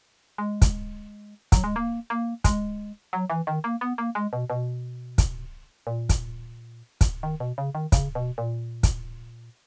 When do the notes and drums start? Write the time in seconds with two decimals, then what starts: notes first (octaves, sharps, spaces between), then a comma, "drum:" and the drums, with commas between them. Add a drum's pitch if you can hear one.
0.38 G#3
0.62 drum: kick, hi-hat
1.52 F#3, drum: kick, hi-hat
1.64 G#3
1.76 A#3
2.10 A#3
2.44 G#3, drum: kick, hi-hat
3.13 F#3
3.30 E3
3.47 D#3
3.64 A#3
3.81 B3
3.98 A#3
4.15 G#3
4.33 B2
4.50 B2
5.18 drum: kick, hi-hat
5.87 A#2
6.09 drum: kick, hi-hat
7.01 drum: kick, hi-hat
7.23 D#3
7.40 B2
7.58 C#3
7.75 D#3
7.92 C#3, drum: kick, hi-hat
8.15 B2
8.38 A#2
8.83 drum: kick, hi-hat